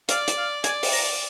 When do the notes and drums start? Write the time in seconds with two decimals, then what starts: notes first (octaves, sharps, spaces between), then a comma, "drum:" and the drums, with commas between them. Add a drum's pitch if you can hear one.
0.09 D5 F5, drum: hi-hat
0.28 drum: hi-hat
0.37 F5
0.64 D5 G#5, drum: hi-hat
0.83 drum: open hi-hat
0.93 A#5